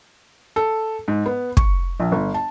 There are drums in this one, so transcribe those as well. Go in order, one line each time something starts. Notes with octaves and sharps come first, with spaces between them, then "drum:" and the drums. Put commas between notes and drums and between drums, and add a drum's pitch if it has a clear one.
A4
G#2
B3
C#6, drum: kick
A#1
G1
A5